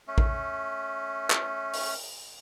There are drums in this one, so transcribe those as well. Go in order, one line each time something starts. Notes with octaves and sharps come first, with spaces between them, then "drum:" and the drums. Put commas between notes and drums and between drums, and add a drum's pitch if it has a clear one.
A3 C#4
drum: kick A1
drum: clap
drum: open hi-hat